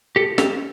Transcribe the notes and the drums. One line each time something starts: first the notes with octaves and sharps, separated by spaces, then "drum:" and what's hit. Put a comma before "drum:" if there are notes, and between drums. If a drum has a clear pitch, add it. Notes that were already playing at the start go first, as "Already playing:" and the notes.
G4 A4
G4 A4, drum: snare